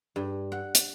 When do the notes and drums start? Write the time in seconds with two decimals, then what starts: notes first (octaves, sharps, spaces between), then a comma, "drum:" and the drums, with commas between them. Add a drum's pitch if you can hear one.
0.16 G2
0.52 F#5
0.75 drum: hi-hat